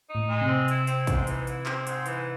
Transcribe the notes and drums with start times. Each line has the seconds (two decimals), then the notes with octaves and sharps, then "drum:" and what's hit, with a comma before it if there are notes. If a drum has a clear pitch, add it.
0.08 D#4
0.15 A2
0.28 G#3
0.41 C3
0.48 C4
0.68 E4, drum: hi-hat
0.87 C4, drum: hi-hat
1.07 G#2, drum: kick, hi-hat
1.27 E3, drum: hi-hat
1.47 E4, drum: hi-hat
1.66 C4, drum: clap
1.87 G#2, drum: hi-hat
2.06 E3, drum: hi-hat